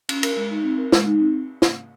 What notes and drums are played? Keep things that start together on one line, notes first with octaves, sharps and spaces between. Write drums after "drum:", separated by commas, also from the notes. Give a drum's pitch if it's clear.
C#4, drum: cymbal
A#4, drum: cymbal
G#3
D#4
C4
A#4
G#3, drum: snare
D#4
C4
drum: snare